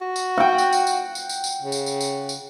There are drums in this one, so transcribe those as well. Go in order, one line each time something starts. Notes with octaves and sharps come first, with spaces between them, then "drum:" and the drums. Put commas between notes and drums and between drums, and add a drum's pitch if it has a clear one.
F#4
drum: tambourine
F#5 G5
drum: tambourine
drum: tambourine
drum: tambourine
drum: tambourine
drum: tambourine
drum: tambourine
C#3
drum: tambourine
drum: tambourine
drum: tambourine
drum: tambourine